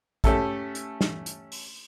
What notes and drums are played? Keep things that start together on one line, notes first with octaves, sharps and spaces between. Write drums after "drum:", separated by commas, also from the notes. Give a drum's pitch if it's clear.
A3 C#4 G4 A4 E5, drum: kick, hi-hat
drum: hi-hat
drum: snare
drum: hi-hat
drum: open hi-hat